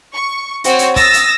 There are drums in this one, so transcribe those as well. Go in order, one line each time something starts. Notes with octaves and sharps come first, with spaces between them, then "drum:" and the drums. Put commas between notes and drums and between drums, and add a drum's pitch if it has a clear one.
C#6
C4 F#4 C5 C#5, drum: hi-hat
drum: hi-hat
D#6 E6 A6 A#6, drum: kick, hi-hat
drum: hi-hat